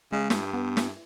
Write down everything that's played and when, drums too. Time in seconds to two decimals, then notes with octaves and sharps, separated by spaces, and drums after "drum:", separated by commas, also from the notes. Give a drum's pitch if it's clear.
0.12 C#3 G#3
0.30 G2, drum: snare
0.54 B3
0.77 drum: snare